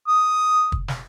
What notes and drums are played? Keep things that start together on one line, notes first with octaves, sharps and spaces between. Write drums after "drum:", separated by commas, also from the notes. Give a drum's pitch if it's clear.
D#6
drum: kick
drum: snare